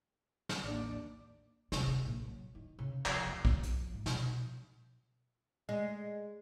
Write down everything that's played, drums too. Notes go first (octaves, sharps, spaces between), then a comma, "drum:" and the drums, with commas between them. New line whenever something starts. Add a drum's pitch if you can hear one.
drum: snare
A1 D#2 D4 D5
C3, drum: snare
D#3
A#1
F#3
D#3
C#3
F3, drum: clap
F#2
drum: kick
F3, drum: hi-hat
G#2
B2, drum: snare
G#3